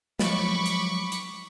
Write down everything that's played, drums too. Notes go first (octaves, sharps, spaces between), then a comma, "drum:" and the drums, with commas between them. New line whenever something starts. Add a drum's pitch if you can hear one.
F3 F#3 G#3 B5 C#6 D6, drum: snare
drum: hi-hat
drum: hi-hat